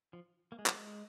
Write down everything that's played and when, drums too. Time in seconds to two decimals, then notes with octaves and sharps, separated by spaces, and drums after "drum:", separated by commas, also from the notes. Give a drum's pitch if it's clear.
0.13 F3
0.52 A#3
0.59 G#3
0.66 F#3, drum: clap
0.74 G#3